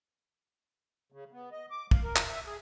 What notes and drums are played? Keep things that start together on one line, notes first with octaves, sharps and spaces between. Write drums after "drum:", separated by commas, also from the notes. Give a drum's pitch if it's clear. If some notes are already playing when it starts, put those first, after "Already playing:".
C#3
B3
D#5
D6
F5, drum: kick
A#4
drum: clap
E5
G#4